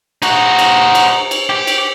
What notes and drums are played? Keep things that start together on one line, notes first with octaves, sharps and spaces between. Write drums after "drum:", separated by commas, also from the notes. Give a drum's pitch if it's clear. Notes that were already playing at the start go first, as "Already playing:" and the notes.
D#4 F#4, drum: cymbal
drum: cymbal
drum: cymbal
drum: cymbal
G4
drum: cymbal